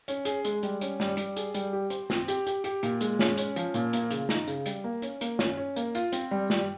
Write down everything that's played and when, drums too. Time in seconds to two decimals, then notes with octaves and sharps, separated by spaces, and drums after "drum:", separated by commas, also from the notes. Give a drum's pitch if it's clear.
0.08 C#4, drum: hi-hat
0.25 G#4, drum: hi-hat
0.45 G#3, drum: hi-hat
0.63 G3, drum: hi-hat
0.81 C#4, drum: hi-hat
1.00 G3, drum: snare
1.17 G3, drum: hi-hat
1.36 G#4, drum: hi-hat
1.54 G3, drum: hi-hat
1.73 G4
1.90 C5, drum: hi-hat
2.10 C4, drum: snare
2.28 G4, drum: hi-hat
2.47 G4, drum: hi-hat
2.64 G4, drum: hi-hat
2.83 A#2, drum: hi-hat
3.01 G#3, drum: hi-hat
3.19 C#4, drum: snare
3.37 C#4, drum: hi-hat
3.56 F3, drum: hi-hat
3.74 A#2, drum: hi-hat
3.93 A#3, drum: hi-hat
4.11 C#3, drum: hi-hat
4.29 D#4, drum: snare
4.48 C#3, drum: hi-hat
4.66 G3, drum: hi-hat
4.84 A#3
5.02 C#4, drum: hi-hat
5.21 A#3, drum: hi-hat
5.39 C#4, drum: snare
5.57 C#4
5.76 A#3, drum: hi-hat
5.95 F4, drum: hi-hat
6.12 C4, drum: hi-hat
6.31 G3
6.50 G3, drum: snare